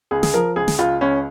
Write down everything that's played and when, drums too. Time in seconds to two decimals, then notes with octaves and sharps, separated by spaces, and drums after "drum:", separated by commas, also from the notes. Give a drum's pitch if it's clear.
0.11 C#2 G#4
0.23 G#4, drum: snare
0.34 F3 A#4
0.56 C#2 G#4
0.68 drum: snare
0.78 C#2 F4
1.01 C#2 C#4